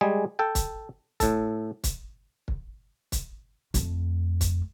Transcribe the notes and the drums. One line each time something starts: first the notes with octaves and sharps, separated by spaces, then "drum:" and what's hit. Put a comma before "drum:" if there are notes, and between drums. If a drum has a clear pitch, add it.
G3 G#3 G#4
A4 G5
drum: kick, hi-hat
A2 A4, drum: kick, hi-hat
drum: kick, hi-hat
drum: kick
drum: kick, hi-hat
F2 A3, drum: kick, hi-hat
drum: kick, hi-hat